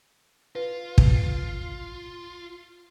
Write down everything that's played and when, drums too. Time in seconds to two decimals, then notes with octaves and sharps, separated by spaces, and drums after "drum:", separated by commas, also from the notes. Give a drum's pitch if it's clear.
0.55 F4 B4
0.98 drum: kick